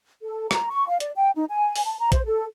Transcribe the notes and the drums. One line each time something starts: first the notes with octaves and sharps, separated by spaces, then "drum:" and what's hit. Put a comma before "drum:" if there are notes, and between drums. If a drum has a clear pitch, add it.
A4
A#5, drum: rim click
C#6
F5
D5, drum: hi-hat
G5
D#4
G#5
drum: open hi-hat
A5
A#5
C5, drum: kick, hi-hat
A4